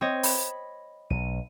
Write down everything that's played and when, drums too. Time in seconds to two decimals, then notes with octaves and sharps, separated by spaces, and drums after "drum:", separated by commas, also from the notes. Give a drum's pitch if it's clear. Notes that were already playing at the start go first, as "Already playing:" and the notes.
0.01 C4 C#5 D#5
0.23 B5, drum: open hi-hat
1.10 B1 D#7